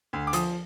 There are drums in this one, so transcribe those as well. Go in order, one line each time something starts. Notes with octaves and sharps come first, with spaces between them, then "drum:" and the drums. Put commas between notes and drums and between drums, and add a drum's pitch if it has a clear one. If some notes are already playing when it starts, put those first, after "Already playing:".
D2
D6
F3 D#6, drum: hi-hat